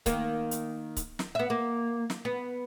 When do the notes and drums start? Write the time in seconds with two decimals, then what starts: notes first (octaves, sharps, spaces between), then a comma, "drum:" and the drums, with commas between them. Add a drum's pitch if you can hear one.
0.06 D#3 A#3, drum: kick C#1, hi-hat
0.51 drum: hi-hat
0.97 drum: kick C#1, hi-hat
1.19 drum: snare
1.35 B3 E5
1.50 A#3
2.10 drum: snare
2.25 B3